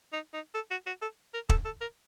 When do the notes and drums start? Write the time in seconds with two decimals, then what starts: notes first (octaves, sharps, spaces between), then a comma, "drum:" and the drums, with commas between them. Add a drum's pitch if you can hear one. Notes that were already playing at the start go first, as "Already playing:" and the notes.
0.13 D#4
0.34 D#4
0.55 A4
0.71 F#4
0.87 F#4
1.02 A4
1.34 A#4
1.49 A4, drum: kick
1.65 A4
1.81 A#4